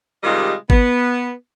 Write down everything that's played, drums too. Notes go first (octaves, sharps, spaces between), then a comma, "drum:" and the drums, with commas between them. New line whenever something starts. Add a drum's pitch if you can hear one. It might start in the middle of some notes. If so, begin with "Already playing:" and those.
C3 D#3 G3 G#3 F4 D#5
B3, drum: kick